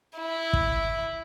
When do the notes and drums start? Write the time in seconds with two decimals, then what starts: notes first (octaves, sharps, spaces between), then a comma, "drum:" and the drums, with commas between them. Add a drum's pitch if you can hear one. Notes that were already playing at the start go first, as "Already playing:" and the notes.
0.19 E4
0.53 drum: kick